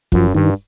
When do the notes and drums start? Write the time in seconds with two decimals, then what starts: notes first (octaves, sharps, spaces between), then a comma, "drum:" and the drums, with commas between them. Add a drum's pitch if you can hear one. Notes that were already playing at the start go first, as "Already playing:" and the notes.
0.12 F#2 F3, drum: kick
0.34 G2 D#3